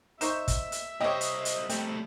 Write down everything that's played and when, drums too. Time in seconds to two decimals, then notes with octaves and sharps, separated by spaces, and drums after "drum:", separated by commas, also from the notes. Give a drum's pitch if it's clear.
0.21 D#4 C5 E5 C#6 E7, drum: hi-hat
0.48 drum: kick, hi-hat
0.72 drum: hi-hat
1.01 G3 G4 C5 C#5 D#5 D#6
1.21 drum: hi-hat
1.45 drum: hi-hat
1.69 G3 A3 C4, drum: hi-hat